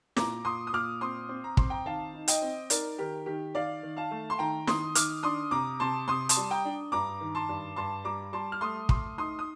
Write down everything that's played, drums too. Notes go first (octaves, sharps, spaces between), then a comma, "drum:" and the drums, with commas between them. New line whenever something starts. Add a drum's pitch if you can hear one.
A#2 A#5 D6, drum: snare
A#2 C6 D#6
D#6
A#2 D6 F6
C4 C6 D#6
C4
A#5
C4 C6, drum: kick
G5 A#5
D#3 F5 A5
D#4
D#5 G5, drum: hi-hat
C4
D#4 A#4 D5, drum: hi-hat
D#3 G4 A#4
D#3 G4
D#3 D5 F5
D#3
F5 A5
A3
C6
D#3 G5 A#5
D#3 C6 D#6, drum: snare
D#3 D6 F6, drum: hi-hat
D4 C6 D#6
C3 A#5 D6
C3 A5 C6
C3 C6 D#6
A5 C6, drum: hi-hat
G3
G5 A#5
D4
G2 A#5 D6
D#3
A5 C6
G2
G2 A5 C6
G3 A#5 D6
G3 A5 C6
F6
A3 C6 D#6
A3 C6 D#6, drum: kick
D#4 C6 D#6
D#6